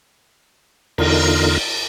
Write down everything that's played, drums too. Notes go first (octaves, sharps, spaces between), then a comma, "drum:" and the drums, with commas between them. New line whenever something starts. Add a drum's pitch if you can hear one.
E2 D3 D#4 F4 A#4, drum: cymbal